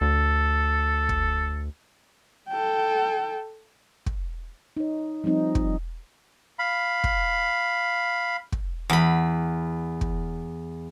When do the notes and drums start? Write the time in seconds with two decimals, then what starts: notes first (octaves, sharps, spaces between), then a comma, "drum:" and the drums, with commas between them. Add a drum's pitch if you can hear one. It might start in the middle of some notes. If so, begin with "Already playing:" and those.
0.01 D2 A4
1.09 drum: kick
2.49 A4 G5
4.06 drum: kick
4.77 D#4 C#5
5.24 F3 G3 C4 D#4
5.55 drum: kick
6.59 F5 B5
7.04 drum: kick
8.52 drum: kick
8.90 E2 B5
10.01 drum: kick